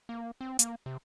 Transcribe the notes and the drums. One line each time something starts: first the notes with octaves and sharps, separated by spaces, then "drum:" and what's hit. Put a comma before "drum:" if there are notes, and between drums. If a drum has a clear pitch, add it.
A#3
C4
A#3, drum: hi-hat
C3